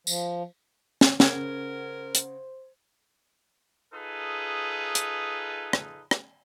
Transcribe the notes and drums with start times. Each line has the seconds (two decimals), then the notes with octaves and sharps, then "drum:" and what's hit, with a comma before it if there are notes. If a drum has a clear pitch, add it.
0.07 F3, drum: tambourine
1.01 drum: snare
1.20 C#3 C#4 A#4 C5 F#5 G#6, drum: snare
2.15 drum: hi-hat
3.93 D#4 F4 G#4 A4 B4
4.95 drum: hi-hat
5.73 drum: rim click
6.11 drum: rim click